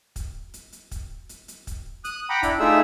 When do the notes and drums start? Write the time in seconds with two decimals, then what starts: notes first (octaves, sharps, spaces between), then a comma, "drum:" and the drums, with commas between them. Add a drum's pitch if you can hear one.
0.16 drum: kick, hi-hat
0.54 drum: hi-hat
0.73 drum: hi-hat
0.91 drum: kick, hi-hat
1.29 drum: hi-hat
1.48 drum: hi-hat
1.67 drum: kick, hi-hat
2.04 D#6 F#6, drum: hi-hat
2.30 F#5 G5 A#5 B5 D6
2.43 D4 E4, drum: kick, hi-hat
2.60 A3 D#4 F4 G#4 E5 E6